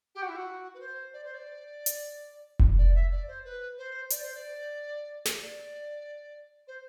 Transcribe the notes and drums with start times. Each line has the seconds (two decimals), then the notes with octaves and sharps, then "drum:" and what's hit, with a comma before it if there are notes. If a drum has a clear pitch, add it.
0.15 G4
0.22 F#4
0.28 E4
0.36 F#4
0.74 B4
0.80 C5
1.13 D5
1.24 C5
1.34 D5
1.86 drum: hi-hat
2.59 drum: kick F1
2.78 D5
2.94 E5
3.11 D5
3.27 C5
3.44 B4
3.78 C5
4.10 D5, drum: hi-hat
4.22 C5
4.34 D5
5.25 drum: snare
5.43 D5
6.67 C5